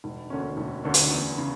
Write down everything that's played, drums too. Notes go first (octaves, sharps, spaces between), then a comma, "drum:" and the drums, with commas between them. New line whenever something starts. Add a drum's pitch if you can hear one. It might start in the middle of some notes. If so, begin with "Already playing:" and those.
E1
D2 D3 A#3 C#4
E1
D2 D3 A#3 C#4
drum: hi-hat
E2
C#3